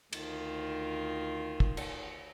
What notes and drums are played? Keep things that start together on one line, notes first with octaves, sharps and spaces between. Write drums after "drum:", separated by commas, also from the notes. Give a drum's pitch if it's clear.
D2 D#3 F4, drum: cymbal
drum: kick
drum: cymbal